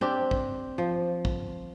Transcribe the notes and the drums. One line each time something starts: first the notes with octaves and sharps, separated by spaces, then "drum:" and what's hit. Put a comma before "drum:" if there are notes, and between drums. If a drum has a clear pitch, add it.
C4 D4 G4
drum: kick
F3
drum: kick